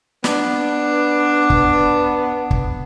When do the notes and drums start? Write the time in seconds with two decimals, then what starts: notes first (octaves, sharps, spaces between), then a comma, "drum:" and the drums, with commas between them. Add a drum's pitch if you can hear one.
0.24 B3 D4, drum: snare
1.50 drum: kick
2.51 drum: kick